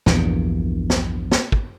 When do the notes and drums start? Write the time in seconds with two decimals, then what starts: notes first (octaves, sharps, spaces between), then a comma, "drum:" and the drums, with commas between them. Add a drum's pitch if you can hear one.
0.06 A#1 E2 G2 A#2, drum: snare
0.90 drum: snare
1.32 drum: snare
1.52 drum: kick